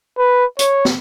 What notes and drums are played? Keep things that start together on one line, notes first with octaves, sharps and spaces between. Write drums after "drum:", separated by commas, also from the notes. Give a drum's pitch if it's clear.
B4
C#5, drum: hi-hat
drum: snare